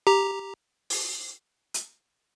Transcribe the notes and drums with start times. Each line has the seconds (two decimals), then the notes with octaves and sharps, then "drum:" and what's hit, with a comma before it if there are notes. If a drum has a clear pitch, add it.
0.07 G4 A#5
0.90 drum: open hi-hat
1.74 drum: hi-hat